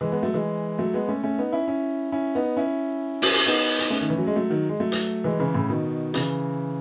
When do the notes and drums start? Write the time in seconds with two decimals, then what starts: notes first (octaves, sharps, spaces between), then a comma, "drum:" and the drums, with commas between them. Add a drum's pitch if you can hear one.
0.01 E3 G#3
0.12 G#3 B3
0.23 F#3 A3
0.34 E3 G#3
0.79 F#3 A3
0.94 G#3 B3
1.09 A3 C#4
1.23 A3 C#4
1.38 B3 D#4
1.53 C#4 E4
1.68 C#4 E4
2.12 C#4 E4
2.35 B3 D#4
2.57 C#4 E4
3.22 drum: open hi-hat
3.46 B3 D#4
3.79 drum: hi-hat
3.91 A3 C#4
4.01 D#3
4.10 E3
4.18 F#3
4.27 G#3
4.36 F#3 A3
4.50 D#3 F#3
4.69 G#3
4.80 F#3 A3
4.92 drum: hi-hat
5.24 E3 G#3
5.39 C#3 E3
5.54 A2 C#3
5.69 B2 D#3
6.14 C#3 E3, drum: hi-hat